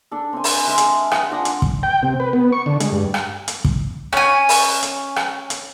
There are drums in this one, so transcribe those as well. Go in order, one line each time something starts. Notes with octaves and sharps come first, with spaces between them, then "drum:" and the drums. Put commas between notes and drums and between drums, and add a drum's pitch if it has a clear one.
D4 A4
C4 G#5
drum: open hi-hat
G#3 A#4 E5
drum: hi-hat
F#5 G#5 A#5 D#6, drum: rim click
D4 F4 F#5 A#5
drum: hi-hat
drum: kick
G5
C3
B4
B3
C#6
D3
G#3, drum: hi-hat
G2
drum: rim click
drum: hi-hat
drum: kick
C#4 G#5, drum: rim click
drum: open hi-hat
drum: hi-hat
drum: rim click
drum: hi-hat